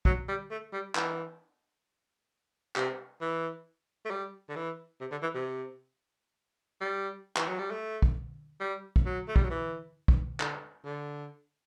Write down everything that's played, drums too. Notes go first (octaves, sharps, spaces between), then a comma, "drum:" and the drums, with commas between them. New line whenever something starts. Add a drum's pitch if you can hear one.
F#3, drum: kick
G3
A3
G3
E3, drum: clap
C3, drum: clap
E3
A3
G3
D3
E3
C3
D3
E3
C3
G3
E3, drum: clap
F#3
G3
A3
drum: kick
G3
drum: kick
F#3
A3
G3, drum: kick
F#3
E3
drum: kick
D3, drum: clap
D3